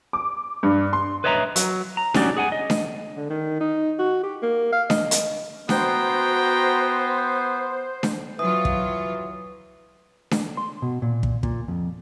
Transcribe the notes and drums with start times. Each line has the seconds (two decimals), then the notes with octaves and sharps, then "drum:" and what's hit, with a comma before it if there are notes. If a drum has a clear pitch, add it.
0.13 D6
0.63 G2
0.93 C6
1.24 B4 C#5 D#5 E5 A5 A#5
1.56 F#3, drum: hi-hat
1.97 A#5
2.14 F#3 C#4 D#4 F#4 G4 D5, drum: snare D4
2.37 G#4 F#5 G#5
2.52 D#5
2.70 drum: snare D4
3.16 D3
3.30 D#3
3.61 D#4
3.99 F#4
4.24 G4
4.42 A#3
4.73 F5
4.90 D#5, drum: snare D4
5.11 drum: hi-hat
5.69 B3 F#4 C5 G5 A#5, drum: snare D4
8.03 drum: snare D4
8.39 E3 F#3 F4 D#6
8.65 drum: kick
10.31 drum: snare D4
10.57 C6
10.82 B2
11.02 A#2
11.23 drum: kick
11.43 A#2, drum: kick
11.68 F2